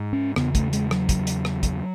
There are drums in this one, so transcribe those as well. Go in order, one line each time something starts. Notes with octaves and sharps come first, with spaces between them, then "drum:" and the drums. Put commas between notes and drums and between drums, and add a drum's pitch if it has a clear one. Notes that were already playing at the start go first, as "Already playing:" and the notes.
Already playing: G#2
C#4
E2 C#3 B3, drum: rim click
A3, drum: kick, hi-hat
G#3, drum: hi-hat
F#3, drum: rim click
drum: kick, hi-hat
drum: hi-hat
drum: rim click
drum: kick, hi-hat